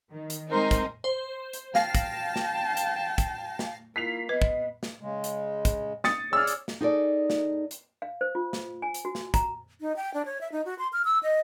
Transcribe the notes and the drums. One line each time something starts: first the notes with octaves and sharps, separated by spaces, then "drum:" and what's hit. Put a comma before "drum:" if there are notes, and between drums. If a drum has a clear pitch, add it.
D#3
drum: hi-hat
G#3 C4 D#4 A#4 C5
drum: kick, hi-hat
C5
drum: hi-hat
F5 G5 A5 A#6 C7, drum: snare
drum: kick, hi-hat
drum: snare
drum: hi-hat
drum: kick, hi-hat
drum: snare
A#3 E4 F4 B6 C7 F7
B3 B4 D#5
drum: kick
drum: snare
C#3 G#3
drum: hi-hat
drum: kick, hi-hat
D#6 A6 C#7, drum: snare
G#4 C#5 D5 E6 F6
drum: hi-hat
drum: snare
D#4 G#4 A4 D5
drum: snare
drum: hi-hat
F5
C5
F4
drum: snare
G#5
drum: hi-hat
F#4
drum: snare
A#5, drum: kick, hi-hat
D#4
G5
D4
C#5
E5
D#4
F#4
C6
F6
E6
D#5